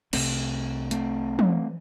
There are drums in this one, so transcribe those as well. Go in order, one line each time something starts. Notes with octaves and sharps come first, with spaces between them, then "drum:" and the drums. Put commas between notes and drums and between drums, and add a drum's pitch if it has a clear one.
C2 C3 A3 C4, drum: cymbal
A3 C4, drum: hi-hat
drum: tom